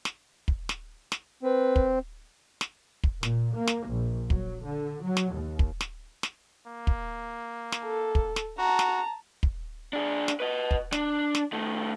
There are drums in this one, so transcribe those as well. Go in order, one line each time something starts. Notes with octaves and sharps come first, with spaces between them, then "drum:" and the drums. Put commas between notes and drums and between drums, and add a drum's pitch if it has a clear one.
drum: snare
drum: kick
drum: snare
drum: snare
C4 B4
drum: kick
drum: snare
drum: kick
A#2, drum: snare
A#3
drum: snare
A#1
F#3, drum: kick
D3
F#3
drum: snare
D#2
drum: kick
drum: snare
drum: snare
A#3
drum: kick
drum: snare
A4
drum: kick
drum: snare
F#4 A5 A#5
drum: snare
drum: kick
D4 G#4
drum: snare
B4 D#5
drum: kick
D4, drum: snare
drum: snare
D#3 A3